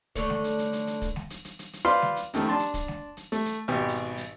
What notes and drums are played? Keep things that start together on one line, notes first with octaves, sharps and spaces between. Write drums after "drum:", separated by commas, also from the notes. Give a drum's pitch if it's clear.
D3 A3 C#5, drum: kick, hi-hat
drum: snare G#3
drum: hi-hat
drum: hi-hat
drum: hi-hat
drum: hi-hat
drum: kick, hi-hat
drum: snare G#3
drum: hi-hat
drum: hi-hat
drum: hi-hat
drum: hi-hat
F4 B4 C5 D5 F5 C6
drum: snare G#3
drum: hi-hat
F#2 D#3 F3 A3, drum: hi-hat
D4 A5 C6
drum: hi-hat
drum: kick, hi-hat
drum: snare G#3
drum: hi-hat
A3, drum: hi-hat
drum: hi-hat
G#1 B2 G4
drum: hi-hat
drum: hi-hat